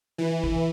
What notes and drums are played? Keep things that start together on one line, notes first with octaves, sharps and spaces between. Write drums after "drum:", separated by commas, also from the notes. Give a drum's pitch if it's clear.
E3
drum: kick